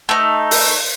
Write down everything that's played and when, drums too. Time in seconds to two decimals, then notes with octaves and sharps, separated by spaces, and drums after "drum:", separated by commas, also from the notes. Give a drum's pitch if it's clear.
0.09 A3 D#4
0.51 drum: open hi-hat